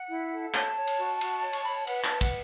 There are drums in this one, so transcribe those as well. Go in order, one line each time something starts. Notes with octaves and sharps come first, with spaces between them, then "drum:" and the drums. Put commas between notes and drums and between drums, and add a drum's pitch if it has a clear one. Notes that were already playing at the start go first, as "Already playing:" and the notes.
Already playing: F#5
E4
A4
C#5 A5, drum: clap
C#5
drum: cymbal
F#4
F#4, drum: cymbal
C#5
C#6, drum: cymbal
C#5 B5
A5
B4 F#5, drum: cymbal
A5, drum: clap
B4
F#5, drum: kick, cymbal